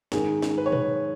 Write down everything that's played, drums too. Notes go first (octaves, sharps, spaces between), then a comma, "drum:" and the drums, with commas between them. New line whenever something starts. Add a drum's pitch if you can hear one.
G#2 D#3 G#3 G#4, drum: snare
drum: snare
B4
C#5
B4, drum: tom